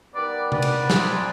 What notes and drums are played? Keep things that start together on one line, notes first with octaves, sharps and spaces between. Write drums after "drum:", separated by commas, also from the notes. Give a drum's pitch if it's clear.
D#3 G3 B3 B4 D5
B4 D5, drum: tom C3
drum: cymbal
C3 F3 G#3, drum: snare